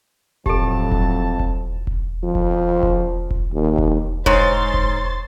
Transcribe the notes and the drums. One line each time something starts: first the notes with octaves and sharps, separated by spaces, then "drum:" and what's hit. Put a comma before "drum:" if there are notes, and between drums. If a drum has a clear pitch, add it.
F2 A2 F#3 G4 A4 A5, drum: kick E1
drum: kick E1
drum: kick E1
drum: kick E1
F3
drum: kick E1
drum: kick E1
drum: kick E1
D#2
drum: kick E1
G#2 C5 C#5 C6 A6, drum: kick E1
drum: kick E1